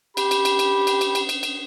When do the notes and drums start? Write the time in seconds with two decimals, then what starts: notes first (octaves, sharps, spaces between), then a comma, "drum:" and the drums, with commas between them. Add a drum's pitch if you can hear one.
0.17 G4 B5, drum: cymbal
0.31 drum: cymbal
0.45 drum: cymbal
0.59 drum: cymbal
0.87 drum: cymbal
1.01 drum: cymbal
1.15 drum: cymbal
1.29 drum: cymbal
1.43 drum: cymbal